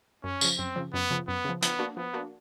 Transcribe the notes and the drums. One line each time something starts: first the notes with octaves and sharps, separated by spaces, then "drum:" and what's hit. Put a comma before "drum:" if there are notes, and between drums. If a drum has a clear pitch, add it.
F#2 C#4
C#3 F3, drum: tambourine
F#2 C4
C#3 F3
F#2 B3
C#3 F3
F#2 B3
C#3 F3
F3 B3, drum: hi-hat
A#3 D4 F#4
F3 B3
A#3 D4 F#4